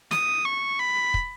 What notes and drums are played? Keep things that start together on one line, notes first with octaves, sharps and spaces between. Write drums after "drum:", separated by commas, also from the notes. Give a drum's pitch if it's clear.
D#6, drum: snare
C#6
B5
drum: kick